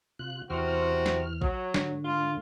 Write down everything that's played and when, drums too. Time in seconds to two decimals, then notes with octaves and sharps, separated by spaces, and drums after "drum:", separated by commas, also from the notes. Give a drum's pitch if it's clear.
0.19 C3 F4 F#6
0.50 E2 C3 E3 C4 F#4 F6
1.06 drum: snare
1.42 F#3, drum: kick A1
1.74 G#2 D3, drum: snare
2.05 F4